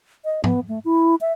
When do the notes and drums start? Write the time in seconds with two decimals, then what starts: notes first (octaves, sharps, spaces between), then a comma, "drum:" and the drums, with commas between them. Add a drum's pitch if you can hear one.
0.25 D#5
0.44 B3, drum: tom G#2
0.68 A3
0.85 E4
1.21 E5